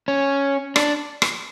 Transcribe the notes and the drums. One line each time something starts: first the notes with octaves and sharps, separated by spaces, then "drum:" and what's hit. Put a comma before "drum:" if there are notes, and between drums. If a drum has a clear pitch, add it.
C#4
D4, drum: rim click
drum: rim click